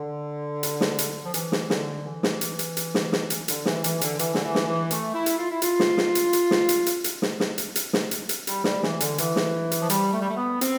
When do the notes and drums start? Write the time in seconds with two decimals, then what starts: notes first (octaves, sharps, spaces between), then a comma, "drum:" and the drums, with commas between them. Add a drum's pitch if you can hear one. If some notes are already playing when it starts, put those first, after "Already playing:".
Already playing: D3
0.63 drum: hi-hat
0.81 drum: snare
0.99 drum: hi-hat
1.25 F3
1.34 E3, drum: hi-hat
1.52 drum: snare
1.70 D3, drum: snare
2.06 E3
2.23 drum: snare
2.41 drum: hi-hat
2.59 drum: hi-hat
2.77 drum: hi-hat
2.94 drum: snare
3.12 drum: snare
3.30 drum: hi-hat
3.48 D3, drum: hi-hat
3.66 E3, drum: snare
3.84 E3, drum: hi-hat
4.01 D3, drum: hi-hat
4.19 E3, drum: hi-hat
4.34 D3, drum: snare
4.43 E3
4.55 drum: snare
4.67 E3
4.91 A3, drum: hi-hat
5.14 E4
5.26 drum: hi-hat
5.38 F4
5.50 E4
5.62 F4, drum: hi-hat
5.80 drum: snare
5.97 drum: snare
6.15 drum: hi-hat
6.33 drum: hi-hat
6.51 drum: snare
6.69 drum: hi-hat
6.86 drum: hi-hat
7.04 drum: hi-hat
7.22 drum: snare
7.40 drum: snare
7.58 drum: hi-hat
7.76 drum: hi-hat
7.93 drum: snare
8.11 drum: hi-hat
8.29 drum: hi-hat
8.47 G3, drum: hi-hat
8.64 G3, drum: snare
8.83 E3, drum: snare
9.00 D3, drum: hi-hat
9.18 E3, drum: hi-hat
9.36 drum: snare
9.71 drum: hi-hat
9.82 F3
9.90 G3, drum: hi-hat
10.12 A3
10.21 G3
10.29 A3
10.37 B3
10.61 C4, drum: hi-hat